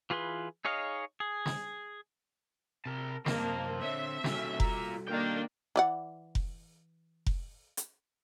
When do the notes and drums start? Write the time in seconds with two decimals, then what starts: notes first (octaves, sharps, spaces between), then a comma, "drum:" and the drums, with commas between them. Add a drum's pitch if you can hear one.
0.10 E3 F4 G#4 B4 C6
0.65 D#4 G#4 C#5 D#5 F5
1.20 G#4
1.46 drum: snare
2.86 C3 A#4 A5
3.26 F#2 C3 A#3 C4 D#5 A5, drum: snare
3.82 D3 C#5 E5
4.24 D#2 G3 C#4 F#4 A4, drum: snare
4.60 F4 A#5, drum: kick F1
5.08 D#3 A#3 D4 G5
5.76 E3 D5 F#5
6.35 drum: kick F1
7.26 drum: kick F1
7.77 drum: hi-hat